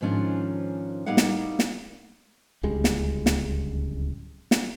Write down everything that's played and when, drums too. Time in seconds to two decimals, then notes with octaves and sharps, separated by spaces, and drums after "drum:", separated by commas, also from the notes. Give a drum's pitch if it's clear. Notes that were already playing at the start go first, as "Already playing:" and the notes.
0.01 G#2 D#3 F3 C#4 D4
1.06 A2 G3 A#3 D#4 F5 F#5
1.17 drum: snare
1.59 drum: snare
2.63 D1 C#2 G3 G#3
2.84 drum: snare
3.26 drum: snare
4.51 drum: snare